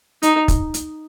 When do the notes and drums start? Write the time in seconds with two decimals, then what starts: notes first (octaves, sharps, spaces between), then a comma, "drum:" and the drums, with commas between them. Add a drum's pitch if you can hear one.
0.23 D#4, drum: hi-hat
0.48 drum: kick, hi-hat
0.74 drum: hi-hat